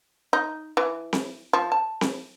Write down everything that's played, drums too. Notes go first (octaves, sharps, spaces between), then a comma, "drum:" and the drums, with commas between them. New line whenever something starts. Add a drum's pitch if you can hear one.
D#4
E3
drum: snare C4
F3
A5
drum: snare C4